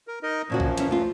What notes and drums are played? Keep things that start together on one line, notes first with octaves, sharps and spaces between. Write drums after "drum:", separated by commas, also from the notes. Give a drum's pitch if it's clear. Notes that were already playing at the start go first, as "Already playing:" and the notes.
A#4
D#4 A#4 D#5
F#2 A#2 C#3 F3 F#4
drum: kick B1
E3 C#4, drum: hi-hat
A3 F4